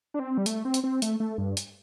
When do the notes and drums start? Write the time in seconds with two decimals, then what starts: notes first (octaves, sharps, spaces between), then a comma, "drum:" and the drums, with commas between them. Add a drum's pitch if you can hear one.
0.14 D4
0.19 C4
0.38 G3
0.46 A3, drum: hi-hat
0.65 C4
0.74 drum: hi-hat
0.84 C4
1.02 A3, drum: hi-hat
1.20 A3
1.38 G2
1.57 drum: hi-hat